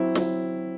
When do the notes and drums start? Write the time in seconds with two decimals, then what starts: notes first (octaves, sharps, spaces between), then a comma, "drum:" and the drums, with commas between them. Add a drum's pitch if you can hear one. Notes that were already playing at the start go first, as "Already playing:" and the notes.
Already playing: F#3 C4 E4
0.15 F#3, drum: snare